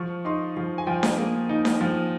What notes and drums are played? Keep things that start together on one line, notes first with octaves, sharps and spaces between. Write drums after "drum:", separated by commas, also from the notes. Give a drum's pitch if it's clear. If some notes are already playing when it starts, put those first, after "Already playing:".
Already playing: F3 C#6
D#4 C6
F3
G#5
F3 G5
drum: snare D4
A#3
D#4
drum: snare D4
F3